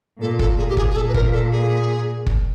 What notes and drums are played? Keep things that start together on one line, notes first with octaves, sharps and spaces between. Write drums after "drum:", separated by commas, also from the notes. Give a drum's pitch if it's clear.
A#2 A4
A4, drum: kick
A#2 G#4
G4
G#4, drum: kick
G#4
A#2 A4
B4
A#4, drum: kick
A4
G#4
drum: kick